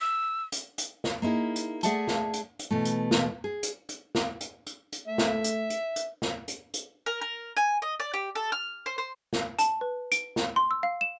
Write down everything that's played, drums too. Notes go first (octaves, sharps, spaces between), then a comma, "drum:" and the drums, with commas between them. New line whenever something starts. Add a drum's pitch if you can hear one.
E6
drum: hi-hat
drum: hi-hat
drum: snare
A#3 D#4 E4 G#4
drum: hi-hat
A3 G#4 D5 E5 F#5 A5, drum: hi-hat
drum: snare
drum: hi-hat
drum: hi-hat
B2 E3 A3
drum: hi-hat
drum: snare
G#4
drum: hi-hat
drum: hi-hat
drum: snare
drum: hi-hat
drum: hi-hat
drum: hi-hat
A3 E5
drum: snare
drum: hi-hat
drum: hi-hat
drum: hi-hat
drum: snare
drum: hi-hat
drum: hi-hat
A#4
A#4
G#5
D#5
D5
G4
A4
F6
C5
C5
drum: snare
A5, drum: hi-hat
B4
D7, drum: hi-hat
drum: snare
C6
E6
F5
E7